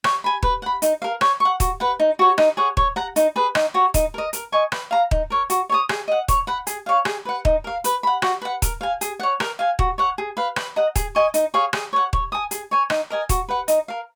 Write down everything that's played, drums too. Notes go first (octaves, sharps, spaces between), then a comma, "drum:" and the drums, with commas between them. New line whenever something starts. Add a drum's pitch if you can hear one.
C#5, drum: rim click
G#5 B5
B4, drum: kick D#1
F#5 B5
D#4, drum: hi-hat
A#4 F5
C#5, drum: rim click
F#5 C#6
F#4, drum: kick D#1, hi-hat
B4 F#5
D#4
F#4 C#5
D#4, drum: rim click
G#4 C#5 F#5
C#5, drum: kick D#1
F#5 A#5
D#4, drum: hi-hat
G#4 B4
D#4, drum: rim click
F#4 C#5
D#4, drum: kick D#1, hi-hat
A#4 D#5
A#4, drum: hi-hat
D#5 G#5 C#6
B4, drum: rim click
F5 A#5
D#4, drum: kick D#1
A#4 C#5
F#4, drum: hi-hat
C#5 G#5 D#6
G#4, drum: rim click
D#5 F#5
C#5, drum: kick D#1, hi-hat
F#5 B5
G#4, drum: hi-hat
C#5 F5
G#4, drum: rim click
B4 F#5
D#4, drum: kick D#1
A#4 F5
B4, drum: hi-hat
F#5 B5
F#4, drum: rim click
B4 F#5
A#4, drum: kick D#1, hi-hat
F5 G#5
G#4, drum: hi-hat
C#5 F#5
A#4, drum: rim click
F5 G#5
F#4, drum: kick D#1
C#5 F#5
G#4
B4 F5
B4, drum: rim click
D#5 F#5 A#5
G#4, drum: kick D#1, hi-hat
D#5 G#5 C#6
D#4, drum: hi-hat
G#4 C#5 F5
G#4, drum: rim click
C#5 F#5
C#5, drum: kick D#1
G#5 D#6
G#4, drum: hi-hat
C#5 G#5
D#4, drum: rim click
A#4 D#5 G#5
F#4, drum: kick D#1, hi-hat
B4 F#5
D#4, drum: hi-hat
A#4 F5